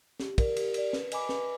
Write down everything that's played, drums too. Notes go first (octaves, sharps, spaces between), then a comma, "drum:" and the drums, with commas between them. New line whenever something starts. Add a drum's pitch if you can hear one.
G4, drum: snare
A#4 D5, drum: kick, cymbal
G4, drum: cymbal
A#4 D5, drum: cymbal
B4, drum: snare
D#5 G#5 B5 D6, drum: cymbal
B4, drum: snare